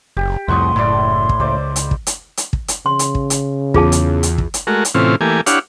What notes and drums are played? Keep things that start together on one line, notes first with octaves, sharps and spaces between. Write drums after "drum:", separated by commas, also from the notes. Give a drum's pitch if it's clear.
F#1 G4
C2 F2 A2 F#5 C6 C#6 D#6
F#1 A2 E4 D5
drum: kick
C#2 C5 D5 D6
drum: hi-hat
drum: kick
drum: hi-hat
drum: hi-hat
drum: kick
drum: hi-hat
C#3 C6
drum: hi-hat
drum: kick
drum: hi-hat
E2 F4 G#4 A5, drum: kick
drum: hi-hat
drum: hi-hat
drum: kick
drum: hi-hat
G#3 A3 F#4 A#4
drum: hi-hat
A2 C3 E3 C4 C#4 F4
E3 A3 A#3 G4 G#5
D4 E4 G4 C#5 F5 F#5, drum: hi-hat